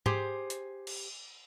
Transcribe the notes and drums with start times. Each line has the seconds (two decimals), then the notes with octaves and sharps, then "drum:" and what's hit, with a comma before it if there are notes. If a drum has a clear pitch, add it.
0.06 G4 G#4 C5, drum: tom G#2
0.50 drum: hi-hat
0.87 drum: cymbal